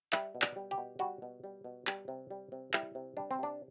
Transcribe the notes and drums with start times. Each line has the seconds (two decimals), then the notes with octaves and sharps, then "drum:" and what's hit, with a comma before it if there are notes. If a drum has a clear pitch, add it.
0.13 G3 E5, drum: clap
0.35 B2
0.42 D5, drum: clap
0.56 G3
0.71 G4, drum: hi-hat
0.78 B2
0.99 G3 F#4, drum: hi-hat
1.22 B2
1.44 G3
1.64 B2
1.87 G3, drum: clap
2.08 C3
2.31 G3
2.52 C3
2.74 G3 E4, drum: clap
2.95 C3
3.17 G3 D4
3.31 C4
3.39 C3 D4